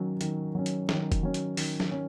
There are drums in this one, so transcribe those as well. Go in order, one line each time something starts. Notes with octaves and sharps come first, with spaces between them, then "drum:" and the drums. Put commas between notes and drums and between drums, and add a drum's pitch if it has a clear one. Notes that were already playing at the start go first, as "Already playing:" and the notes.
Already playing: D#3 F#3 C#4
D#3, drum: hi-hat
F#3 C#4
drum: hi-hat
D#3, drum: snare
drum: kick F1, hi-hat
F#3 C#4
drum: hi-hat
D#3, drum: open hi-hat
drum: snare
C#4